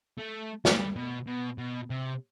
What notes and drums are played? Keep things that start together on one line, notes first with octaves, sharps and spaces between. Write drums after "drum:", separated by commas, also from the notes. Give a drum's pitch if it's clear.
A3
G3, drum: snare
B2
B2
B2
C3